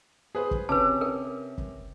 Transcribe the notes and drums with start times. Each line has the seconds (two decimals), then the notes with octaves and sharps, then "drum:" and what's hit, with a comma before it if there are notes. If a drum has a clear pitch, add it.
0.35 G#4 B4 C5
0.51 drum: kick
0.69 C3 C#4 B4 A5 D6
1.01 A#4
1.58 drum: kick